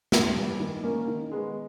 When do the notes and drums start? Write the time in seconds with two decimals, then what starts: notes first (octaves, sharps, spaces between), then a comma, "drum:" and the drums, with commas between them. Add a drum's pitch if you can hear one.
0.12 G2, drum: snare
0.36 E3 G3 B3
0.60 D#3
0.84 A#3 C#4
1.08 D#3
1.32 G#3 B3